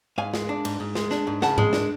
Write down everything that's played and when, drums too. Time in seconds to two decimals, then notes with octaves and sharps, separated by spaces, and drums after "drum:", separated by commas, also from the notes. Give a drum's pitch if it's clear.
0.18 G#2 F5 G#5
0.34 G#3, drum: snare
0.49 D4
0.65 G#2, drum: cymbal
0.80 G#2
0.95 G#3, drum: snare
1.11 D4, drum: snare
1.27 G#2
1.42 C#3 F#5 A5, drum: snare
1.58 G#3, drum: tom G#2
1.73 D4, drum: snare